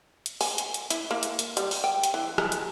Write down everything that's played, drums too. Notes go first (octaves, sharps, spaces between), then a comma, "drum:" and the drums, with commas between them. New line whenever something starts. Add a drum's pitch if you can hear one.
drum: hi-hat
G#5, drum: open hi-hat
drum: hi-hat
drum: hi-hat
E4, drum: hi-hat
A#3
drum: hi-hat
drum: hi-hat
G3, drum: hi-hat
drum: open hi-hat
G5
drum: hi-hat
E3
D#4, drum: rim click
drum: hi-hat